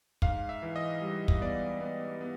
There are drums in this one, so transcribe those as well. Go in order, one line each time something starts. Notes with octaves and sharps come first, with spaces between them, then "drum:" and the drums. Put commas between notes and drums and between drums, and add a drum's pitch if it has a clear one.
G#2 F5, drum: kick
E5
E3
D#5
G3
drum: kick
B3 D5
B3
B3